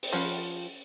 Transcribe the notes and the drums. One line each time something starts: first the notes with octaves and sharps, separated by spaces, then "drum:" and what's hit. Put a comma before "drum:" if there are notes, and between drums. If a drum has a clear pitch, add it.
drum: open hi-hat
F3 C#4 F#5 B5